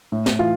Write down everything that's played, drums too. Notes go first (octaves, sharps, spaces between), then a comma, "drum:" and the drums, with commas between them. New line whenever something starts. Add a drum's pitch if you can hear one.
A2
drum: snare
E3 F4